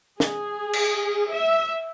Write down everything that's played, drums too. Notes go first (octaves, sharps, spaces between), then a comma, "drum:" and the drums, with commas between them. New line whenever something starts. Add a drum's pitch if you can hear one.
G#4, drum: snare
drum: cymbal
E5